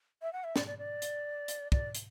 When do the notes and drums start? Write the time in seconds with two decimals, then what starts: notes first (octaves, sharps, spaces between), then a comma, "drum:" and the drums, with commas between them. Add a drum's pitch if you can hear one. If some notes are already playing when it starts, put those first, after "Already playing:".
0.22 E5
0.33 F#5
0.44 E5
0.56 D5, drum: snare
0.67 D5
0.78 D5
1.02 drum: hi-hat
1.48 drum: hi-hat
1.72 D5, drum: kick
1.95 drum: hi-hat